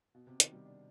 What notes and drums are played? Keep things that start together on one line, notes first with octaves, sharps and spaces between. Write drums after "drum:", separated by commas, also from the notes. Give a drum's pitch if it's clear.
B2
C3
D#3, drum: hi-hat
G3
D4